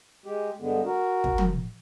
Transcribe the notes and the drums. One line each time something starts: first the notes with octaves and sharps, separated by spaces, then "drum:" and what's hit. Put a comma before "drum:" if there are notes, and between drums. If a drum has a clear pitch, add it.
G#3 G4
G2 D3 G#3 B3
F#4 A#4
drum: kick
drum: tom